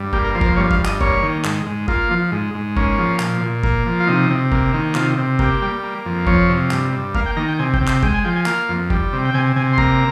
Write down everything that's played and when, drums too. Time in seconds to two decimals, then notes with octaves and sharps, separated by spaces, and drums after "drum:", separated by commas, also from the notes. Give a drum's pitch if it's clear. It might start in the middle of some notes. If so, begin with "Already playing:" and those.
Already playing: G2
0.13 A#3 G4, drum: kick F#1
0.24 A#4
0.35 F3 C5
0.41 A#4, drum: kick F#1
0.46 C5
0.56 G2 C#5
0.71 F5, drum: kick F#1
0.79 G2
0.85 D#5, drum: clap
1.01 A#3 C#5, drum: kick F#1
1.22 D#3
1.45 G#2, drum: clap
1.66 G#2
1.88 A#3 F4, drum: kick F#1
2.11 F3
2.32 G#2
2.54 G#2
2.77 A#3 C#4, drum: kick F#1
2.98 F3
3.20 A#2, drum: clap
3.41 A#2
3.63 A#3, drum: kick F#1
3.86 F3
4.00 F4
4.08 C3 D#4
4.30 C3
4.52 A#3, drum: kick F#1
4.74 D#3
4.95 C3 F4, drum: clap
5.18 C3
5.39 A#3 G4, drum: kick F#1
5.62 G3
5.83 A#3
6.05 F2
6.27 F3 C#5, drum: kick F#1
6.49 C3
6.71 G2, drum: clap
6.92 G2
7.15 A#3 F5, drum: kick F#1
7.26 G5
7.37 D#3 A#5
7.48 G5
7.59 C3 G#5
7.74 G5, drum: kick F#1
7.81 C3
7.88 G5, drum: clap
8.03 G#3 G5, drum: kick F#1
8.14 G#5
8.24 F3 G5
8.36 G#5
8.46 A#3 F5, drum: clap
8.69 F2
8.90 G3, drum: kick F#1
9.13 C3
9.25 G5
9.34 C3 G#5
9.56 C3 G#5
9.73 C6
9.78 A#3 A#5, drum: kick F#1